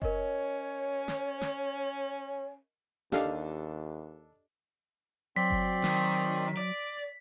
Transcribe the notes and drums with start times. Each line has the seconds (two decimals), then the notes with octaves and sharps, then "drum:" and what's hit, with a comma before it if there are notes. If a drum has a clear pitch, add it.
0.02 C#4 A#4 C#5 D#5, drum: kick F#1
1.08 drum: snare
1.41 drum: snare
3.12 D#2 D4 G4 A4 D#5 F5, drum: snare
5.36 F#3 C4 D5 C6 B6
5.50 drum: kick F#1
5.84 D#3, drum: snare
6.57 D5 D6